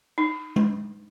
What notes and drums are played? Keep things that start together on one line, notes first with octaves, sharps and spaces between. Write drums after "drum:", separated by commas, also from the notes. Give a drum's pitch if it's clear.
D#4
drum: tom G#3